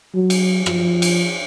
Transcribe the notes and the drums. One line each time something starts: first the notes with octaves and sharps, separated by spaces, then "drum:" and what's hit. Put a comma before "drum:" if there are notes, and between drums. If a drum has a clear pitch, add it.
F#3
drum: cymbal
F3, drum: rim click
drum: cymbal